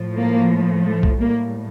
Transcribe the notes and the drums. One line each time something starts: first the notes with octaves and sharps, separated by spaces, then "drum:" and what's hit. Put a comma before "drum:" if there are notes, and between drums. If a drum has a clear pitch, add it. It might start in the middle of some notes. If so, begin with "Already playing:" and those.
Already playing: A2 F3
A#3
A3
drum: kick B1
A2 G3 A#3